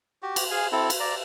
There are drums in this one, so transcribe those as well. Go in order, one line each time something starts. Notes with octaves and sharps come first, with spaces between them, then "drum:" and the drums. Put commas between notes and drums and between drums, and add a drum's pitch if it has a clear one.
F#4 G4
drum: cymbal
G#4 F5 G#5
C4 E4 A4
drum: cymbal
D5 A#5